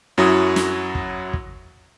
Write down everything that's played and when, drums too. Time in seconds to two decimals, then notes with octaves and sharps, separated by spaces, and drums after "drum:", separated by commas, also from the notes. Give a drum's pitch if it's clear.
0.18 F#2 F#3 E4 F#4 D#6
0.56 drum: snare
0.95 drum: kick
1.33 drum: kick